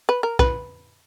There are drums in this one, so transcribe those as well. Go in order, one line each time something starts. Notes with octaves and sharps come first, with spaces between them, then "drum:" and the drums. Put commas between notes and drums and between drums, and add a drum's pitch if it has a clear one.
B4
A#4
B4, drum: kick B1